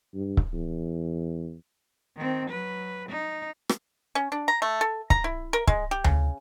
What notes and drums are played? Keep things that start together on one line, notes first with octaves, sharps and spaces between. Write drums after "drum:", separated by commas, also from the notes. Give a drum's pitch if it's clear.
G2
drum: kick C#1
E2
D#3 C4
F#3 B4
D#4
drum: rim click
C#4
D4
A#5
A3
A4
A#5, drum: kick C#1
E4
A#4
G#3, drum: kick C#1
G4
C#3, drum: tom D2